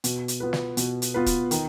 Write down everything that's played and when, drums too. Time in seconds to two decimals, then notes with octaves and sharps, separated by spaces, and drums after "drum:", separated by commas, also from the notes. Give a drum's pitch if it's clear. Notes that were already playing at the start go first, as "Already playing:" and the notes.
0.04 B2, drum: hi-hat
0.28 drum: hi-hat
0.40 B3 F4 B4
0.53 drum: snare
0.77 B2, drum: hi-hat
1.02 drum: hi-hat
1.14 B3 F4 B4
1.26 drum: kick, hi-hat
1.51 D#3, drum: hi-hat